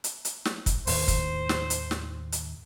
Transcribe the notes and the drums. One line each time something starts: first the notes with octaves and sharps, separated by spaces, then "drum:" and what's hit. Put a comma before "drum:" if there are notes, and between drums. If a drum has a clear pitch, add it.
drum: hi-hat
drum: hi-hat
drum: snare
drum: kick, hi-hat
D#2 A2 D#3 C5, drum: open hi-hat
drum: kick, hi-hat
drum: snare
drum: hi-hat
drum: snare
drum: hi-hat